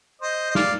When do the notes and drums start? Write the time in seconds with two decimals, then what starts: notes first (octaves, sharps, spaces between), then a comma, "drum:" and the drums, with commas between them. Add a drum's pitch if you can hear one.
0.21 C5 D#5
0.50 D#5
0.55 D5 F5, drum: snare